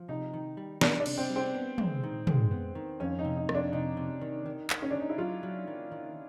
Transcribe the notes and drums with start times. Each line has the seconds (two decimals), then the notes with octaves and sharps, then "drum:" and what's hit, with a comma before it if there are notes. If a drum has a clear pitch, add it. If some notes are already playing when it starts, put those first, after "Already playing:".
Already playing: F3
0.08 C3 D#4
0.34 D#3
0.57 G3
0.81 G3 D4, drum: snare
1.00 D4
1.06 C3, drum: cymbal
1.18 C4
1.30 G3
1.36 C4
1.54 B3
1.78 G#3, drum: tom
2.03 D#3
2.27 G#3, drum: tom
2.51 B3
2.75 D#3
3.00 F2 C#4
3.19 D#4
3.25 C3
3.37 D#4
3.49 F2, drum: rim click
3.55 D4
3.72 C3 D#4
3.97 C3
4.21 D#3
4.46 D#3
4.70 D#3, drum: clap
4.82 C#4
4.91 D#3 D4
5.00 D#4
5.09 E4
5.18 F#3 F4
5.43 F#3
5.67 D#3
5.91 D#3